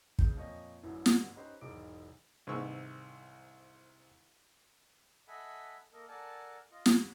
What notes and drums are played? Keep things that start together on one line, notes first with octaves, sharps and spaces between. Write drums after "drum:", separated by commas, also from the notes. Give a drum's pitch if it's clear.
G2 C#3 G6, drum: kick
F2 A#2 C#5 D#5
A1 F#2 A2 D3 E3
G2 B2 D3, drum: snare
C#4 D#4 G4 B4 C5
E1 B1 G#2 D#4 D6 D7
C2 G#2 D#3 B3 C#6 E6
A4 D#5 E5 F#5 G#5 B5
A#3 A4 A#4 D#5
A4 A#4 D5 F#5 G#5 A5
F4 D#5
B3 B4, drum: snare